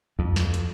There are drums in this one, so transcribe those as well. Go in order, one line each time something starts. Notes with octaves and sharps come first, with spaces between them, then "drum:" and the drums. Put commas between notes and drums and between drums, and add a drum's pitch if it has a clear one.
F2, drum: kick D2
drum: snare
drum: hi-hat